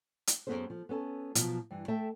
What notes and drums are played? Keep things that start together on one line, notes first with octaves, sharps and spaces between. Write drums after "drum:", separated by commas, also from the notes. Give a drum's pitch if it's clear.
drum: hi-hat
F#2 C#3 B3 G#4 A4 C5
F3
B3 C#4 A4 A5
B2 F3 F#3 F4, drum: hi-hat
G2 E3
A3 A4 E5 G5 A5